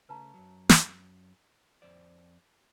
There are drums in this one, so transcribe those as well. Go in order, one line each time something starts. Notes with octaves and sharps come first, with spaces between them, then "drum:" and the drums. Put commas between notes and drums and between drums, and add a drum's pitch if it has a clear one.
C#3 A3 B4 A5 A#5
F#2 F#3
drum: snare
F2 C5 D5